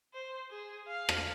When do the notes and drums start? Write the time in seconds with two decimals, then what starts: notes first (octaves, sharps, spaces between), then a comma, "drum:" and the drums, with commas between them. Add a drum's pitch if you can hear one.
0.14 C5
0.51 G#4
0.88 F5
1.09 drum: rim click